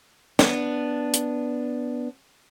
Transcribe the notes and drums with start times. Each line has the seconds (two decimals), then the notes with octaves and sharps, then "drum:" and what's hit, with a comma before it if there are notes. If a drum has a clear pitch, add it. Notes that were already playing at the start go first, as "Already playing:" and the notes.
0.39 B3 D4, drum: snare
1.14 drum: hi-hat